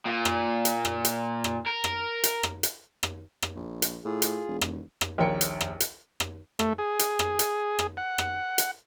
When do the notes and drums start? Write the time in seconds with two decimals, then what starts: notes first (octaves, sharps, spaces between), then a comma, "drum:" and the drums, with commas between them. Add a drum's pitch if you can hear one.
0.05 A#2
0.25 drum: rim click
0.65 drum: hi-hat
0.85 drum: rim click
1.05 drum: hi-hat
1.44 drum: rim click
1.66 A#4
1.84 drum: rim click
2.24 drum: hi-hat
2.43 drum: rim click
2.63 drum: hi-hat
3.03 drum: rim click
3.42 drum: rim click
3.55 A#1
3.82 drum: hi-hat
4.05 A2 F4 G#4
4.22 drum: hi-hat
4.48 E1
4.61 drum: rim click
5.01 drum: rim click
5.18 A#1 D#2 A#4 C#5 G5 C#7
5.41 drum: hi-hat
5.61 drum: rim click
5.80 drum: hi-hat
6.20 drum: rim click
6.59 A3, drum: rim click
6.78 G#4
6.99 drum: hi-hat
7.19 drum: rim click
7.39 drum: hi-hat
7.79 drum: rim click
7.97 F#5
8.18 drum: rim click
8.58 drum: hi-hat